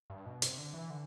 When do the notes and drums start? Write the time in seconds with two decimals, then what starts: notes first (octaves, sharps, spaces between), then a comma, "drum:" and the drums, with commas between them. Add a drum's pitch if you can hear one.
0.10 G2
0.26 B2
0.42 C3, drum: hi-hat
0.58 D3
0.74 E3
0.90 D3